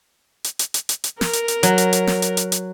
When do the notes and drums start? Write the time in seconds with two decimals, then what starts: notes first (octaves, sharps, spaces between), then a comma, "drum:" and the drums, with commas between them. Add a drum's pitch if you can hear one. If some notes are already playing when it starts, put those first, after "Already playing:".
0.44 drum: hi-hat
0.59 drum: hi-hat
0.74 drum: hi-hat
0.89 drum: hi-hat
1.04 drum: hi-hat
1.21 A#4, drum: snare
1.33 drum: hi-hat
1.48 drum: hi-hat
1.63 F#3, drum: hi-hat
1.78 drum: hi-hat
1.93 drum: hi-hat
2.07 drum: snare
2.22 drum: hi-hat
2.37 drum: hi-hat
2.52 drum: hi-hat